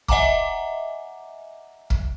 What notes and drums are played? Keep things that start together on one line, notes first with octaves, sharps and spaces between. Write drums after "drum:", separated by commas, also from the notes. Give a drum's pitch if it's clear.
D#5 E5 F#5 G#5 A#5 D6, drum: kick
drum: kick